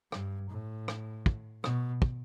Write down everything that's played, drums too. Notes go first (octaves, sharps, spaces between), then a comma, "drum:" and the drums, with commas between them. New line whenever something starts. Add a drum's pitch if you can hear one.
G2, drum: rim click
A2
drum: rim click
drum: kick
B2, drum: rim click
drum: kick